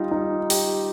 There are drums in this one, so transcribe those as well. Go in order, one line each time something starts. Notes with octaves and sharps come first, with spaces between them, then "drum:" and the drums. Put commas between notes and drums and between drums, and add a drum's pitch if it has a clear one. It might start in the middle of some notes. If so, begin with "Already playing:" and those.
Already playing: G3 D#4 F4
D#4
G4, drum: open hi-hat